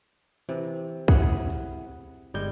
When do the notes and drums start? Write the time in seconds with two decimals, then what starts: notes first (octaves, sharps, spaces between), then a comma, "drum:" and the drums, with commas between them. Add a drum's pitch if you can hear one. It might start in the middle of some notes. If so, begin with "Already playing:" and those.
0.49 C3 E3
1.08 E4 G#4 F#5, drum: kick
1.50 drum: open hi-hat
2.34 G1 G3 G#3 G6